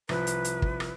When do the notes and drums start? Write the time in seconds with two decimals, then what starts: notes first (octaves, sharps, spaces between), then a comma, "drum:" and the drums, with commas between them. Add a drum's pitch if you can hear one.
0.09 C2 F3 B4, drum: rim click
0.27 drum: hi-hat
0.45 drum: hi-hat
0.62 drum: kick
0.80 drum: rim click